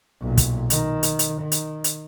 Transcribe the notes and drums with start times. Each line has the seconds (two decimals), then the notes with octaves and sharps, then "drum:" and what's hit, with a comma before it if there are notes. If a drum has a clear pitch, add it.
0.21 B1 A#2
0.37 drum: kick, hi-hat
0.70 D#3, drum: hi-hat
1.03 drum: hi-hat
1.19 drum: hi-hat
1.41 D#3
1.52 drum: hi-hat
1.84 drum: hi-hat